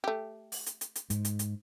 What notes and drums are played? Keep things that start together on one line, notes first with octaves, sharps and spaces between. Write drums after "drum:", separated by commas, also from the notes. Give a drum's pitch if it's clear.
A3 G4
drum: open hi-hat
drum: hi-hat
drum: hi-hat
drum: hi-hat
G#2, drum: hi-hat
drum: hi-hat
drum: hi-hat